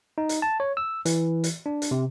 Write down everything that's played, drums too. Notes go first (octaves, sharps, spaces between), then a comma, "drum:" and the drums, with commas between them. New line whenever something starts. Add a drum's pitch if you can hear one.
D#4
drum: hi-hat
A5
C#5
E6
E3, drum: hi-hat
drum: hi-hat
D4
drum: hi-hat
C3